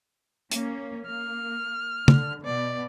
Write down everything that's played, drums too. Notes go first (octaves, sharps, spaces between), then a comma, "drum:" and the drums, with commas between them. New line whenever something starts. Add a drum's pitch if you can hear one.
A#3 C#4, drum: hi-hat
A#3 F6
D3, drum: tom
B2 D5